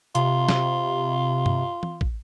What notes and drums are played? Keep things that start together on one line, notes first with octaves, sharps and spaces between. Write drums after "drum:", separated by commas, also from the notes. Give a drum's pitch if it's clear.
C3 F4, drum: hi-hat
drum: snare
drum: tom G2
drum: tom E3
drum: kick